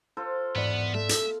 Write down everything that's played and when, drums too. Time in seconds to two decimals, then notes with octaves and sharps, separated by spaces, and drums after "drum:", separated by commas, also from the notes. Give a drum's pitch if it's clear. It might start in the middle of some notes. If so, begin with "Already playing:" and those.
0.17 F4 A4 C5
0.56 E2 G#2 B3 D5
0.94 A3 E5
1.09 drum: hi-hat